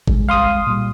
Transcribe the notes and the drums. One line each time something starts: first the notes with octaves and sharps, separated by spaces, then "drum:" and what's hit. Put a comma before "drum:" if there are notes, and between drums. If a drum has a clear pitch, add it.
F1 C2 G#3, drum: kick G#1
F5 C6 D#6
A#2 G3